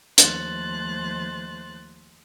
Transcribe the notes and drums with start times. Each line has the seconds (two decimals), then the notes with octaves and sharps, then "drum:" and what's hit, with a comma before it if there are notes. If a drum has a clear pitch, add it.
0.18 D#2 F3 A3 C5 F#6 A6, drum: hi-hat